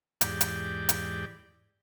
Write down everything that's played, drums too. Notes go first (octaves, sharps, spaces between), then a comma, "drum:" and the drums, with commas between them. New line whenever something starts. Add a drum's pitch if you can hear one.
E2 G#2 G4 D5, drum: hi-hat
drum: hi-hat
drum: hi-hat